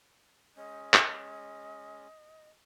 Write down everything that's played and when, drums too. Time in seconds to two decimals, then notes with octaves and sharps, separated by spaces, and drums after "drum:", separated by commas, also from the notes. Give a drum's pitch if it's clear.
0.57 G#3 C#4 D#5
0.94 drum: clap